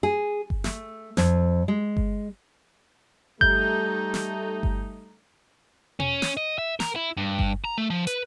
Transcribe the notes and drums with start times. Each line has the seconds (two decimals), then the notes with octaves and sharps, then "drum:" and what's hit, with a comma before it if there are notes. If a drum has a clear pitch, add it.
0.03 G#4
0.50 drum: kick G1
0.64 A3, drum: snare
1.17 F2, drum: snare
1.68 G#3
1.97 drum: kick G1
3.41 G3 A3 D#4 G6, drum: kick G1
4.14 drum: snare
4.63 drum: kick G1
6.00 C#4, drum: tom B2
6.22 drum: snare
6.37 D#5
6.58 E5
6.80 A#4, drum: snare
6.96 E4
7.17 G2
7.39 drum: kick G1
7.64 A#5
7.78 A3
7.90 F3
8.07 B4, drum: hi-hat